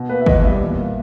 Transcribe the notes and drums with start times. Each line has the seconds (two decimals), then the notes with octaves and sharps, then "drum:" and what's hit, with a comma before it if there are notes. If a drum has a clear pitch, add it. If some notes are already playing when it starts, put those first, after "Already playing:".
Already playing: B2
0.09 A#3 B4
0.21 E5
0.26 E2 D#5, drum: kick
0.44 B2 G3 E5
0.60 A#2
0.78 A#3